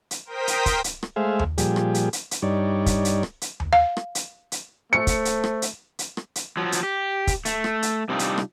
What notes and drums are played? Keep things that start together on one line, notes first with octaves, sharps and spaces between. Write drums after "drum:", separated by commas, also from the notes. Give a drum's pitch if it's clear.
drum: hi-hat
A#4 C5 G5 D#6 B6
drum: hi-hat
drum: kick, hi-hat
drum: hi-hat
drum: rim click
G#3 A3 G#4 C5 E5 F5
drum: tom D#2
A#2 F3 G3 G4 G#4, drum: hi-hat
drum: rim click
drum: hi-hat
drum: hi-hat
drum: hi-hat
G2 G3 D#4 C#5 D5
drum: kick, hi-hat
drum: hi-hat
drum: rim click
drum: hi-hat
drum: tom D#2
F5
drum: rim click
drum: hi-hat
drum: hi-hat
A3 C5 C#7
drum: kick, hi-hat
drum: hi-hat
drum: rim click
drum: hi-hat
drum: hi-hat
drum: rim click
drum: hi-hat
F3 F#3
drum: hi-hat
G4
drum: kick, hi-hat
A3, drum: hi-hat
drum: rim click
drum: hi-hat
C3 G3 C4 D4 D#4 F4
drum: hi-hat
drum: rim click